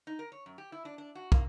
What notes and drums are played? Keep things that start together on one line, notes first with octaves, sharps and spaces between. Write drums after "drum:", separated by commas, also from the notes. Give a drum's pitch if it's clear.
D#4
A#4
C#5
F#2
G4
E4
D4
D4
F#4
A#3, drum: kick